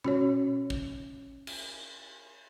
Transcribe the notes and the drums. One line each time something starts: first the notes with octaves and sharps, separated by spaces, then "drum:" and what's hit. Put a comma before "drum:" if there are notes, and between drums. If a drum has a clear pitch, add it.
C#4 F#4 C#5, drum: tom B2
drum: kick
drum: cymbal